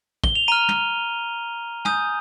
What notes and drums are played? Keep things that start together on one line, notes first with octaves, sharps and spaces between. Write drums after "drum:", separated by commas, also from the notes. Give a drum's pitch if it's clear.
G7, drum: kick
F7
A#5 F6 D#7
drum: tom
G#5 D#6 G6, drum: tom